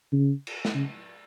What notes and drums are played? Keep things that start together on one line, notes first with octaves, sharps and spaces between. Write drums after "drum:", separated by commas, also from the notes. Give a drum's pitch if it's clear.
C#3
drum: cymbal
drum: snare
C#3